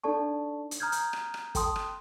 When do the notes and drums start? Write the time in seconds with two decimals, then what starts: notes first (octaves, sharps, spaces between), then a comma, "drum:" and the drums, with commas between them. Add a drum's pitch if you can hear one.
0.04 D4 D#4 A4 D5 A5 C#6
0.71 drum: hi-hat
0.80 A#5 D#6 F6 G6 G#6
0.92 drum: hi-hat
1.13 drum: rim click
1.34 drum: rim click
1.55 A4 G5 A5 C6 D#6, drum: kick, hi-hat
1.76 drum: rim click